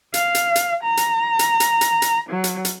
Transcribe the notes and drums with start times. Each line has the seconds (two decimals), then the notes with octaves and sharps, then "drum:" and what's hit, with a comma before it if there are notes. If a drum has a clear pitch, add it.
0.14 F5, drum: hi-hat
0.35 drum: hi-hat
0.56 drum: hi-hat
0.83 A#5
0.97 drum: hi-hat
1.39 drum: hi-hat
1.60 drum: hi-hat
1.81 drum: hi-hat
2.02 drum: hi-hat
2.29 F#3
2.44 drum: hi-hat
2.65 drum: hi-hat